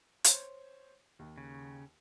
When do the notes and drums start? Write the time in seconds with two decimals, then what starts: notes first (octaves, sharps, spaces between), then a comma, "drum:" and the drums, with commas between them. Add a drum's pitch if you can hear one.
0.24 C5 C#5, drum: hi-hat
1.19 D#2
1.38 C#3